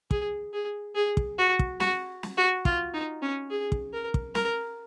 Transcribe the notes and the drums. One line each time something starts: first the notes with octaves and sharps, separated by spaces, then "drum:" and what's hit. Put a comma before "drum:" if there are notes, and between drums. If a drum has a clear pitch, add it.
G#4, drum: kick
G#4
G#4
drum: kick
F#4
drum: kick
F#4, drum: snare
drum: snare
F#4
F4, drum: kick
D#4
C#4
G#4
drum: kick
A#4
drum: kick
A#4, drum: snare